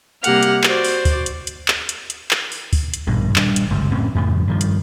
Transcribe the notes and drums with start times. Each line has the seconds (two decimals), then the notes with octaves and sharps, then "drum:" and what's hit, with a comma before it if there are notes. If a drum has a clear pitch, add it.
0.24 C3 G3 A#3 G4 F#5 F6, drum: hi-hat
0.43 drum: hi-hat
0.64 F#4 C5 D5, drum: clap
0.84 drum: open hi-hat
1.05 drum: kick, open hi-hat
1.26 drum: hi-hat
1.47 drum: hi-hat
1.68 drum: clap
1.89 drum: hi-hat
2.10 drum: hi-hat
2.31 drum: clap
2.52 drum: open hi-hat
2.73 drum: kick, open hi-hat
2.94 drum: hi-hat
3.07 A#1 G2 B2 D#3
3.36 D#1 G3 D4, drum: clap
3.56 drum: hi-hat
3.70 G1 C#2 F#2
3.91 F1 A2 C4 C#4
4.15 F2 A2 C#3 F3
4.47 G2 D#3 F3
4.61 drum: hi-hat